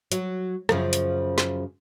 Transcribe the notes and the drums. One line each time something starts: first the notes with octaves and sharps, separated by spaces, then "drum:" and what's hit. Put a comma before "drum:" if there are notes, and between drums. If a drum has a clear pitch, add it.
F#3, drum: hi-hat
F#2 C#3 F3, drum: rim click
drum: hi-hat
drum: snare